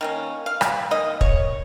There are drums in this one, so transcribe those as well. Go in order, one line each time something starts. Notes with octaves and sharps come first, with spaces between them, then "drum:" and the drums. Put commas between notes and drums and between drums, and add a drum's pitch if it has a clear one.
D#3 A#3 C#4
F5
drum: rim click
D#3 A#3 D#5
C#5, drum: kick